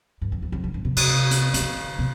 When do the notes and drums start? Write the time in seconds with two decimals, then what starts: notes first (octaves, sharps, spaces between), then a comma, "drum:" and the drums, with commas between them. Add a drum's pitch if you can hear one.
0.22 G2
0.32 F2
0.42 E2
0.52 F2
0.64 G2
0.74 G2
0.85 B2
0.97 C3, drum: cymbal
1.07 C3
1.31 drum: hi-hat
1.54 C3, drum: hi-hat
1.61 D3
1.98 B2